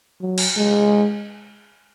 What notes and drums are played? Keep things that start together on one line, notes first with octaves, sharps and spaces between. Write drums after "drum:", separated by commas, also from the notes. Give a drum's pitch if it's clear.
F#3
drum: cymbal
G#3